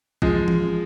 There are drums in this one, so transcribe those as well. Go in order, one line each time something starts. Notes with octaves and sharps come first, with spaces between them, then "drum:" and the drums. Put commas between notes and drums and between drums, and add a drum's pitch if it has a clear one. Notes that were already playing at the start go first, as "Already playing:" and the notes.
F3 G#3, drum: kick A1
drum: tom E3